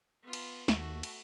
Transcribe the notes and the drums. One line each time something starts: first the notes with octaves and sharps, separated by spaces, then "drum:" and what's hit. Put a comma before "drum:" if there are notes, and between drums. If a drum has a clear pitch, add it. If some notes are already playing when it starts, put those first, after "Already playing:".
B3 F4
drum: cymbal
D#2 A3 F#4, drum: snare
drum: cymbal